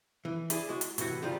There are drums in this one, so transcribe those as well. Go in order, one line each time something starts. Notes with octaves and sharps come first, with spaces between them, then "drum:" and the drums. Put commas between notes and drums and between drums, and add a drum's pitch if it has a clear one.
E3
E4 G#4 B4 D5, drum: hi-hat
G#3 F#4
drum: hi-hat
A2 C3 E3 F#4, drum: hi-hat
G#2 D#3 F3 G3 F4